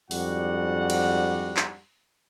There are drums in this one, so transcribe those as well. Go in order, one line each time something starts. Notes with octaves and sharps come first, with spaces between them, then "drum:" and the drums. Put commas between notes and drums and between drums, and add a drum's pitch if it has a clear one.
F2 G#2 G3 D4 F#4 F#5, drum: open hi-hat
drum: cymbal
drum: clap